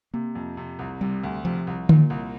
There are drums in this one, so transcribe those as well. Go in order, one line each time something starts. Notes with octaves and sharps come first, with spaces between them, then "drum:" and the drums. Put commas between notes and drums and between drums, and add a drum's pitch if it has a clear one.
C3 A#3
F2
C3
C2
C3 G3
D2
C3 F3
C2
A#2, drum: tom D3
C2